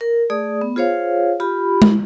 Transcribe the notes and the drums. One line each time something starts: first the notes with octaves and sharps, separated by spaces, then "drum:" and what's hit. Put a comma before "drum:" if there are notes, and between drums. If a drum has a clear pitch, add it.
A#4
A3 G#4 D5 D#6
B3
F4 G#4 C5 C#5 F5
F4 G4 B5
drum: tom G#3